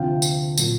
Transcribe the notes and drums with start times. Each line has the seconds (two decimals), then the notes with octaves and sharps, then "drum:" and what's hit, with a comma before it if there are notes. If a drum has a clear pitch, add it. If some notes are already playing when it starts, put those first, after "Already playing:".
Already playing: D2 C3 F3 F5 G5
0.22 drum: tambourine
0.58 A#2 F#3, drum: tambourine